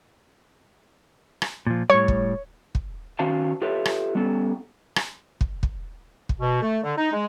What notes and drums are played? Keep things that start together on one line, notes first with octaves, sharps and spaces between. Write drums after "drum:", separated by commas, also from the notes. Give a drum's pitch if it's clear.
drum: rim click
A#2 F3
A2 G3 C#5
drum: kick
drum: kick
D#3 C#4 F#4 C5 F5 A5
F4 G4 A4 B4 C#5 E5
drum: rim click
G3 B3 C#4 A4
drum: rim click
drum: kick
drum: kick
drum: kick
B2
A3
D3
D#4
G#3